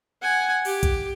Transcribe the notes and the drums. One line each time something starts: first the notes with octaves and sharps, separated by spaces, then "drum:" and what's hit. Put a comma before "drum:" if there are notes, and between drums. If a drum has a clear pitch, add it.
F#5 G#5
G4, drum: open hi-hat
drum: kick B1, hi-hat